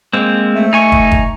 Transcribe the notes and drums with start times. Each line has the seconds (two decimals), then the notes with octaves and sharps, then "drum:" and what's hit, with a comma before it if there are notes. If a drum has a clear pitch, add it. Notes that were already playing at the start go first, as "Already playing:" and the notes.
0.13 G#3 A#3 C4
0.54 A3
0.73 D#4 G#5 C#6
0.92 drum: kick
1.11 drum: kick